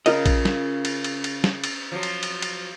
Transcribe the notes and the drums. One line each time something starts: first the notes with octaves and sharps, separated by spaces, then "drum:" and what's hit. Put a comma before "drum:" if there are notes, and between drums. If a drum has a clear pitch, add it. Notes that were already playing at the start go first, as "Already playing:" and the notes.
C#3 F4 A#4 D#5, drum: cymbal
drum: kick A#1, cymbal
drum: snare
drum: cymbal
drum: cymbal
drum: cymbal
drum: snare
drum: cymbal
F3 F#3
drum: cymbal
drum: cymbal
drum: cymbal